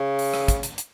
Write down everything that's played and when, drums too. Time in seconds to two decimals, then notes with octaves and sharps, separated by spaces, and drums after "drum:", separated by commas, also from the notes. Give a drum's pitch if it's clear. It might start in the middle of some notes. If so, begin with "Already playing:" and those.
Already playing: C#3
0.19 drum: open hi-hat
0.34 drum: rim click
0.48 drum: kick, hi-hat
0.63 drum: hi-hat
0.78 drum: hi-hat